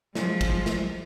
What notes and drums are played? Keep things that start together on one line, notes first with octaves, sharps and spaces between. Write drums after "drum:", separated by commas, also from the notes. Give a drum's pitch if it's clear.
F3 G#3, drum: snare
drum: kick, cymbal
drum: snare